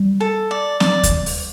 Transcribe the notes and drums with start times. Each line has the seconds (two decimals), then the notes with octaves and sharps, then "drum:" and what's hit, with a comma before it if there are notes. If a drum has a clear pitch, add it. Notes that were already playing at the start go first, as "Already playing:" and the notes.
Already playing: G3
0.20 A4
0.51 D5
0.80 D5, drum: snare C4
1.03 drum: kick D#2, hi-hat
1.26 drum: open hi-hat